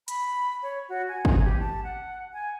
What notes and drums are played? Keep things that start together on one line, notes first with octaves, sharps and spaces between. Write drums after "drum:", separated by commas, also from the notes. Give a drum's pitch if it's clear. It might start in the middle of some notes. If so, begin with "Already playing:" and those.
B5, drum: hi-hat
C#5
F#4
G#5
drum: kick
G4
A5
F#5
G#5